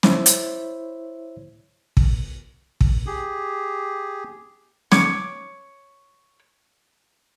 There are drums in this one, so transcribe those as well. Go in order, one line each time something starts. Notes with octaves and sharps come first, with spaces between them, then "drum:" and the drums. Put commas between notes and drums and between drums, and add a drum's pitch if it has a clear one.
E4 C5 C#5 E5, drum: snare
drum: hi-hat
drum: kick
drum: kick
G4 G#4
C#5 D6, drum: snare